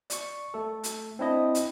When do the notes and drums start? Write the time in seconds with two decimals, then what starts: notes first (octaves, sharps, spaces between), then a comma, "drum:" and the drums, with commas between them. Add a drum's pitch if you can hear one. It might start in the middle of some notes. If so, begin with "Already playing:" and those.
0.10 D5 C#6, drum: hi-hat
0.54 A3 A4
0.84 drum: hi-hat
1.19 C4 D4 E4 D#5
1.55 drum: hi-hat